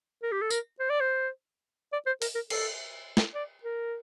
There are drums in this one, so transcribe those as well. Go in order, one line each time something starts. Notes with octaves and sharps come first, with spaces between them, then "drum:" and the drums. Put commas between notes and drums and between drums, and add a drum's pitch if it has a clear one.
A#4
G4
A4
A#4, drum: tambourine
C5
D5
C5
D5
C5
A#4, drum: open hi-hat
A#4
A4, drum: cymbal
drum: snare
D5
A#4